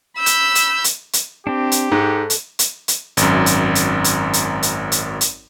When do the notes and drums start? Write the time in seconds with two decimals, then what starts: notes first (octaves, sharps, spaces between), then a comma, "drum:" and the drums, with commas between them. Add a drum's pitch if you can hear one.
0.17 B5 E6 G6
0.26 drum: hi-hat
0.55 drum: hi-hat
0.84 drum: hi-hat
1.13 drum: hi-hat
1.47 C4 D4 G4
1.72 drum: hi-hat
1.92 G#2 A4 F#6
2.30 drum: hi-hat
2.59 drum: hi-hat
2.88 drum: hi-hat
3.17 G#1 F#2, drum: hi-hat
3.46 drum: hi-hat
3.75 drum: hi-hat
4.04 drum: hi-hat
4.33 drum: hi-hat
4.63 drum: hi-hat
4.92 drum: hi-hat
5.21 drum: hi-hat